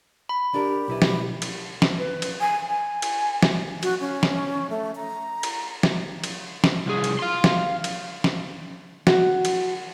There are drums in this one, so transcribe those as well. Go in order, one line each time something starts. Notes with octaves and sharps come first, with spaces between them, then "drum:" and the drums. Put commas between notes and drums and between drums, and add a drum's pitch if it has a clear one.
B5
D4 G4 A#4
B1 E4 B4
drum: snare
drum: cymbal
drum: snare
B4
drum: cymbal
G#5
G#5
drum: cymbal
drum: snare
F#4, drum: cymbal
C#4
drum: snare
A3
A#5
drum: cymbal
drum: snare
drum: cymbal
drum: snare
C2 G#4
drum: cymbal
F5 C6
drum: snare
drum: cymbal
drum: snare
F#4, drum: snare
drum: cymbal